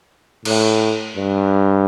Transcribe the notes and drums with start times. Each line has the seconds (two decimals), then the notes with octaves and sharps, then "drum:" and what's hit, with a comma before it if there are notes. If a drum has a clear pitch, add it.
0.45 A2, drum: cymbal
1.17 G2